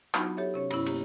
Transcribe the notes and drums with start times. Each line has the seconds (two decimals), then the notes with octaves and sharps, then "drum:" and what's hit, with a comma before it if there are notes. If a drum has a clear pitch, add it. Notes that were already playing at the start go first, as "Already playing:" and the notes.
0.14 F#3 B3 D4 D#4 F4 F#4, drum: clap
0.37 G4 A4 C#5 E5
0.54 C3 C#4 C#5
0.71 G2 C3 B3 C#4 E4, drum: cymbal
0.86 A#3 C#4 G4, drum: cymbal